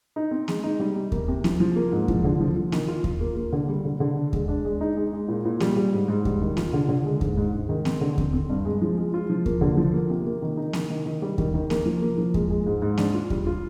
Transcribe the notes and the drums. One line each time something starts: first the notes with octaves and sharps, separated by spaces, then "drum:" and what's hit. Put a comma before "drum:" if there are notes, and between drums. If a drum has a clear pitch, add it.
D#4
C4
G#3, drum: snare A#3
D#4
G3
C3
A#3, drum: kick D#2
C3
F3, drum: snare A#3
F3
A#3
G#2
F3, drum: kick D#2
D3
F3
F3
D#3, drum: snare A#3
F4
F4, drum: kick D#2
A#3
A#3
D3
G3
D3
D3
D4
G#3, drum: kick D#2
D4
G#3
D#4
G#3
G#3
A#2
A#2
G3, drum: snare A#3
G3
G#2
G#2
G3, drum: kick D#2
D#3
F4, drum: snare A#3
D3
D3
G#3
G#2, drum: kick D#2
G#2
G#2
D#3
C4, drum: snare A#3
D3
C4, drum: kick D#2
C4
G2
G#3
F3
G#3
F4
F3
A#3, drum: kick D#2
D3
F3
A#3
C3
A#3
D#3
D#4
D#3, drum: snare A#3
D#3
D#3
G3
D#3, drum: kick D#2
D#3
A#3, drum: snare A#3
F3
A#3
F3
G#3, drum: kick D#2
G#3
G#2
G#2
D4, drum: snare A#3
F4
G3, drum: kick D#2
F4